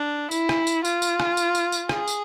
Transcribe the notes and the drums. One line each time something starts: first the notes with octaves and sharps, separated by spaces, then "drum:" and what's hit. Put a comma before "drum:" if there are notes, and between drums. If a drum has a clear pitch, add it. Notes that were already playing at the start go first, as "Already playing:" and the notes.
Already playing: D4
E4, drum: tambourine
drum: rim click
drum: tambourine
F4, drum: tambourine
drum: tambourine
drum: rim click
drum: tambourine
drum: tambourine
drum: tambourine
G#4, drum: rim click
drum: tambourine